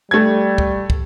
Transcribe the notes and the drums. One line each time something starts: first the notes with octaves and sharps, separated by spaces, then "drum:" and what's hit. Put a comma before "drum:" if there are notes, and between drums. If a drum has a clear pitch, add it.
G3 A3 G#6
drum: kick
drum: kick